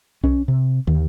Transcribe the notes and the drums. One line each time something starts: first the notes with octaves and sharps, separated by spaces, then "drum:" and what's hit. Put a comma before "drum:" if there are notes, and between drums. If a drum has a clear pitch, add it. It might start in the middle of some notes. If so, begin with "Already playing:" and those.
C#4, drum: kick B1
C3
D#2, drum: tom